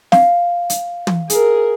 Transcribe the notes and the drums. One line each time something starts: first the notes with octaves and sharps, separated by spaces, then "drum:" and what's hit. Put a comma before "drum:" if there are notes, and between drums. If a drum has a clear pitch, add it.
F5, drum: snare
drum: hi-hat
drum: tom
G#4 A#4, drum: hi-hat